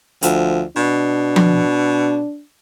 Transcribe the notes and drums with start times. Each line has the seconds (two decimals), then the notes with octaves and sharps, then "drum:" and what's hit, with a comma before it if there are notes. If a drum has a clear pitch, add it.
0.22 D2 F3, drum: hi-hat
0.76 B2 D4
1.36 drum: tom F3